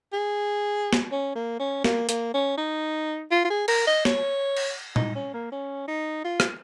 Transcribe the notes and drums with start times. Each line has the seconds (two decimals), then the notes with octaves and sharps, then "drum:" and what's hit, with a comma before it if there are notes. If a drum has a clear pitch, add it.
0.13 G#4
0.93 drum: snare
1.11 C#4
1.35 A#3
1.60 C#4
1.84 A#3, drum: snare
2.09 A#3, drum: hi-hat
2.34 C#4
2.58 D#4
3.31 F4
3.45 F4
3.50 G#4
3.68 A#4, drum: cymbal
3.87 D#5
4.05 C#5, drum: snare
4.57 drum: cymbal
4.96 D#4, drum: tom A#2
5.15 C#4
5.34 A#3
5.52 C#4
5.88 D#4
6.24 F4
6.40 drum: rim click